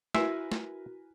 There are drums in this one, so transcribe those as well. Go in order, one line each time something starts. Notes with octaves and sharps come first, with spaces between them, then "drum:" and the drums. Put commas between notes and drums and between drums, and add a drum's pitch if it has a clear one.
E4 F#4 A#4 B4 E5 G#5, drum: snare
drum: snare